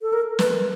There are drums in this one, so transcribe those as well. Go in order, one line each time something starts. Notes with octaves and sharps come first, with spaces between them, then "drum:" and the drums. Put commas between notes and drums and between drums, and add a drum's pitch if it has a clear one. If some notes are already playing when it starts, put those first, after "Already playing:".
A4
A#4
B4, drum: snare